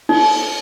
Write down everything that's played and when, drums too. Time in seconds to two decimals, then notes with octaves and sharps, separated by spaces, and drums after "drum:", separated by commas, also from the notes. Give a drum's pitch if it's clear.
0.09 D#4, drum: cymbal